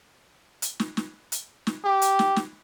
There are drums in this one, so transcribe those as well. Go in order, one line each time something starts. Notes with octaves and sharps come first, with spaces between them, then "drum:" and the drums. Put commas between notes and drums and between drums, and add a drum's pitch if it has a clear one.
drum: hi-hat
drum: snare
drum: snare
drum: hi-hat
drum: snare
G4
drum: hi-hat
drum: snare
drum: snare